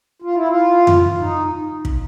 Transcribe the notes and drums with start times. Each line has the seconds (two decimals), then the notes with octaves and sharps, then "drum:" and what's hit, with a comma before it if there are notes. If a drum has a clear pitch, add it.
0.22 F4
0.35 E4
0.48 F4
0.87 drum: tom F2
1.20 D#4
1.85 drum: kick